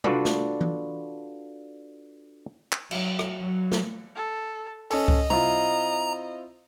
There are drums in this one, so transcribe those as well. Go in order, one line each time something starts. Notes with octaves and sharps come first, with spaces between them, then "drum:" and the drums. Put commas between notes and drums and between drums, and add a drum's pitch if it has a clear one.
D4 F4 F#4 A4 B4 D5, drum: tom C3
drum: snare
drum: tom E3
drum: clap
F#3, drum: cymbal
drum: rim click
F#3
drum: snare
A4
C#4 A4 D#5, drum: open hi-hat
drum: kick C#2
C4 E4 F4 A#5, drum: tom C3